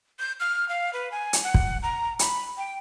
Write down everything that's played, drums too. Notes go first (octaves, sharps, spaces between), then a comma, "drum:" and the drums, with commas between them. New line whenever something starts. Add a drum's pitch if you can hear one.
G6
F6
F5
B4
G#5
drum: hi-hat
F#5
drum: kick
A#5
B5, drum: hi-hat
G5